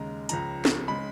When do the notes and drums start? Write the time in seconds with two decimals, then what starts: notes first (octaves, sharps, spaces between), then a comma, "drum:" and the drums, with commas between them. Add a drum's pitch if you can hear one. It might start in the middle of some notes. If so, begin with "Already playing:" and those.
Already playing: D#2 C#3 G#3 A#5
0.29 C#2 C#3 F3 A#5, drum: hi-hat
0.65 drum: snare
0.88 C#3 G#3 B5